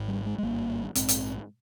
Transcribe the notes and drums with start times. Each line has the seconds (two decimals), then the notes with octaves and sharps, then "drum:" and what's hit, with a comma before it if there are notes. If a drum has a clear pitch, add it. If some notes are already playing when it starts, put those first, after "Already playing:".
Already playing: G#1 G#2
0.08 G3
0.26 G#3
0.38 G#3
0.43 G#1 G2 A#3
0.95 A#1 G#2 C4, drum: hi-hat
1.09 drum: hi-hat